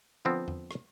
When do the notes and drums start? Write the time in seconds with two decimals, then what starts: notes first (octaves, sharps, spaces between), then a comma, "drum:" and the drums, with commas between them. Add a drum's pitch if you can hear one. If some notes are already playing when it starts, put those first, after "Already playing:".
0.25 D3 F3 B3 C4
0.48 drum: tom E2
0.71 drum: rim click